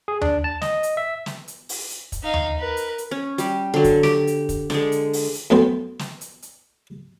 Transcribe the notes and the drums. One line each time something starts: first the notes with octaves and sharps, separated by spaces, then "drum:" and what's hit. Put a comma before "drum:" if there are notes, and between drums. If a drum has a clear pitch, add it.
G#4
D4, drum: tom D#2
A5
D#5, drum: snare
drum: hi-hat
E5
drum: snare
drum: hi-hat
drum: open hi-hat
drum: hi-hat
drum: kick, hi-hat
D#4 F5
drum: tom D#2
A#4 B4
drum: hi-hat
drum: hi-hat
C#4
G3 G4, drum: hi-hat
D3 F#3
drum: kick, hi-hat
G4, drum: snare
drum: hi-hat
drum: kick, hi-hat
D3 G#3, drum: snare
drum: hi-hat
drum: open hi-hat
drum: hi-hat
F#2 A3 B3 C4 C5
drum: snare
drum: hi-hat
drum: hi-hat